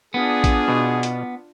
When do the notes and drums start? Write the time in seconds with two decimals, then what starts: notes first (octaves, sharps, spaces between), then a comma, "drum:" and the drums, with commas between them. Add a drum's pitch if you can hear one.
0.14 B3 D4 F4 G#4
0.44 drum: kick A1, hi-hat
0.68 B2
1.03 drum: hi-hat